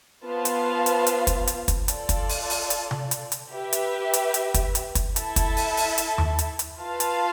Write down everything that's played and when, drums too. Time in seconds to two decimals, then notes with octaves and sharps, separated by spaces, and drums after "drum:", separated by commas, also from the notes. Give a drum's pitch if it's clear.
0.25 B3 F4 C5 F5 A5
0.45 drum: hi-hat
0.86 drum: hi-hat
1.07 drum: hi-hat
1.27 drum: kick, hi-hat
1.47 drum: hi-hat
1.68 drum: kick, hi-hat
1.88 F4 A4 D5, drum: hi-hat
2.09 drum: kick, hi-hat
2.29 drum: open hi-hat
2.50 drum: open hi-hat
2.70 drum: hi-hat
2.91 drum: tom C3
3.11 drum: hi-hat
3.32 drum: hi-hat
3.52 G4 B4 E5
3.73 drum: hi-hat
4.13 drum: hi-hat
4.34 drum: hi-hat
4.54 drum: kick, hi-hat
4.75 drum: hi-hat
4.95 drum: kick, hi-hat
5.16 E4 A4 E5 A5, drum: hi-hat
5.36 drum: kick, hi-hat
5.57 drum: open hi-hat
5.77 drum: open hi-hat
5.98 drum: hi-hat
6.18 drum: tom D#2
6.39 drum: hi-hat
6.59 drum: hi-hat
6.80 F4 B4 F5 A5
7.00 drum: hi-hat